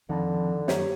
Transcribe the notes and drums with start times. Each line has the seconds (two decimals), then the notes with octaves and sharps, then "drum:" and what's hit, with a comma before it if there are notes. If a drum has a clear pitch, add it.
0.09 F2 D3 D#3
0.68 F#2 G4 C#5, drum: snare